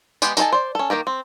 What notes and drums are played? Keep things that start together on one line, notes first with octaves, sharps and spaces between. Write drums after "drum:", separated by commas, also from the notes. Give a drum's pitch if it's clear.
G#3 B3 G4, drum: tambourine
D#4 A4 C5 G#5 A5, drum: tambourine
C5 D5
C#4 A4
D#3 A#3 G4 A#4
C4